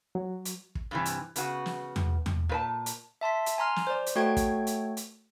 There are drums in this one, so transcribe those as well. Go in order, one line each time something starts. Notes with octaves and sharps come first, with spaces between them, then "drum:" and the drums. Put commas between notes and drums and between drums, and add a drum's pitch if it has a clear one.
F#3
drum: hi-hat
drum: kick
G2 C3 E3
drum: hi-hat
C#3 B3 F#4, drum: hi-hat
drum: snare
drum: tom E2
drum: tom E2
A#2 B4 A5
drum: hi-hat
E5 A5 C6 B6
drum: hi-hat
G#5 A#5 C6 F6
drum: snare
C5 D5
drum: hi-hat
A3 F#4 A4 C#5 G5 G#6
drum: kick, hi-hat
drum: hi-hat
drum: hi-hat